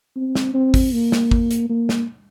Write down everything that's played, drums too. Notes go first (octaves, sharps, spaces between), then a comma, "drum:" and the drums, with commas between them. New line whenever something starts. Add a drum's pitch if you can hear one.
C4
drum: snare
C4
drum: kick, open hi-hat
A#3
drum: snare
drum: kick
drum: hi-hat
A#3
drum: snare